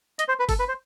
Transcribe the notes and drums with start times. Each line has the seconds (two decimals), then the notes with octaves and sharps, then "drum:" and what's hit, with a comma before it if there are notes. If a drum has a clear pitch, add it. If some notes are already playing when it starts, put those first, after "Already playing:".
0.19 D#5, drum: hi-hat
0.28 C5
0.39 B4
0.49 A4, drum: kick G1, open hi-hat
0.59 B4
0.68 C5